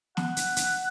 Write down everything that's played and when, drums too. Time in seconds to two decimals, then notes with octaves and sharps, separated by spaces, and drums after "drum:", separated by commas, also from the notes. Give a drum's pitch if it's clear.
0.17 F#5, drum: snare
0.37 drum: hi-hat
0.56 drum: hi-hat